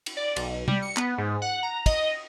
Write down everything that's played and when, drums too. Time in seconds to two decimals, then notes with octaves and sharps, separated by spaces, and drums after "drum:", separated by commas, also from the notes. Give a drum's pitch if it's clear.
0.06 drum: cymbal
0.17 D5
0.36 B1, drum: cymbal
0.68 G3, drum: tom C3
0.82 C#7
0.97 B3, drum: clap
1.18 G#2
1.42 F#5
1.63 A#5
1.86 D#5, drum: kick, cymbal